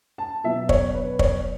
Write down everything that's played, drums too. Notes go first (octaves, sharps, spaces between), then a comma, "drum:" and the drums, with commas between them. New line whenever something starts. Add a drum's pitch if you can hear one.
A5
B2 F#3 B3 E5
C#5, drum: kick
B4
C#5, drum: kick